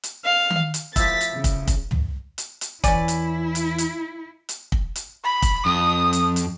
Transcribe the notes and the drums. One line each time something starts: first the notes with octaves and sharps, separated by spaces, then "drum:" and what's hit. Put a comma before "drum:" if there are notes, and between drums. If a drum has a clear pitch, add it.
drum: hi-hat
F5
drum: tom D#3
drum: hi-hat
F3 A3 E4 A6 B6, drum: kick, hi-hat
drum: hi-hat
C#3
drum: kick, hi-hat
drum: kick, hi-hat
drum: tom
drum: hi-hat
drum: hi-hat
E2 E3 C#4 E4 D5 G#5, drum: kick, hi-hat
drum: hi-hat
drum: hi-hat
drum: hi-hat
drum: hi-hat
drum: kick
drum: hi-hat
B5
drum: kick, hi-hat
F2 D#6
drum: hi-hat
drum: hi-hat